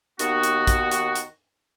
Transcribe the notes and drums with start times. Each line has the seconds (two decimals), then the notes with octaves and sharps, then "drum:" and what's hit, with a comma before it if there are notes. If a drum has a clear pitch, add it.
0.19 D#2 D#3 B3 F#4, drum: hi-hat
0.43 drum: hi-hat
0.67 drum: kick, hi-hat
0.91 drum: hi-hat
1.15 drum: hi-hat